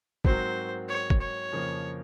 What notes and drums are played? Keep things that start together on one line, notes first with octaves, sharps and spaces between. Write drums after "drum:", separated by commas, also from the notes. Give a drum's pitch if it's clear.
G#2 F#3 C4 F#4 A#4 C5, drum: kick
C#5
drum: kick
C#5
F2 C#3 F3 A#3